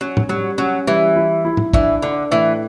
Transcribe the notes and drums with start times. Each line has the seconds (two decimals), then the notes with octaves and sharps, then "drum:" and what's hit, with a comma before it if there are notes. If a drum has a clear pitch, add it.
0.01 F#3 C#4
0.17 drum: tom A2
0.29 F#3 G3
0.58 F#3 C#4
0.87 E3 G3
1.16 E4
1.45 E4
1.57 drum: tom A2
1.73 E3 D4, drum: kick
2.02 D3 D4
2.31 A2 E3